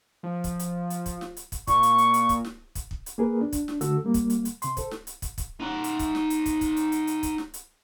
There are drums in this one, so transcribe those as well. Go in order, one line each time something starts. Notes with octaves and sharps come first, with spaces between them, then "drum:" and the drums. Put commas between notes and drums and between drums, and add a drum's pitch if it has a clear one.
F3
drum: kick, hi-hat
drum: hi-hat
drum: hi-hat
drum: kick, hi-hat
drum: snare
drum: hi-hat
drum: kick, hi-hat
A#2 C#6, drum: kick, hi-hat
drum: hi-hat
drum: hi-hat
drum: hi-hat
drum: kick, hi-hat
drum: snare
drum: kick, hi-hat
drum: kick
drum: hi-hat
A#3 G#4 A#4 B4
D4
drum: kick, hi-hat
drum: snare
D3 A3 F#4 A4 E6, drum: hi-hat
G3 A#3
drum: kick, hi-hat
drum: hi-hat
drum: hi-hat
C3 C6, drum: hi-hat
A4 C5, drum: kick, hi-hat
drum: snare
drum: hi-hat
drum: kick, hi-hat
drum: kick, hi-hat
D#4 F#5
drum: hi-hat
drum: kick, hi-hat
drum: snare
drum: hi-hat
drum: kick, hi-hat
drum: kick, hi-hat
drum: hi-hat
drum: hi-hat
drum: hi-hat
drum: kick, hi-hat
drum: snare
drum: hi-hat